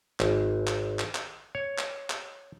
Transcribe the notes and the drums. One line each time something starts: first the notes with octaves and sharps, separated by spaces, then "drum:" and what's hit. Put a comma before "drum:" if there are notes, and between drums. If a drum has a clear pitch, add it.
G#1, drum: clap
drum: clap
drum: clap
drum: clap
C#5
drum: clap
drum: clap